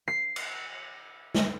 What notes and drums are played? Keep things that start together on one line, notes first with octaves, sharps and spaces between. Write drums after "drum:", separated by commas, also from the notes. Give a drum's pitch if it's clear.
C7
drum: cymbal
drum: snare